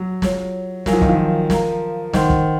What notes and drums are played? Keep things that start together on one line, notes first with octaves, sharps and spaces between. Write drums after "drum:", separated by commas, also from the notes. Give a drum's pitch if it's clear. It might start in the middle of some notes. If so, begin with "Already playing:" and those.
Already playing: F#3
F4 G#4 C#5, drum: snare
F#3 A#4 F5 G#5, drum: snare
F3
D#3, drum: kick
F3
A#4 F5 A#5, drum: snare
D#3 C5 F#5 C6, drum: snare
drum: kick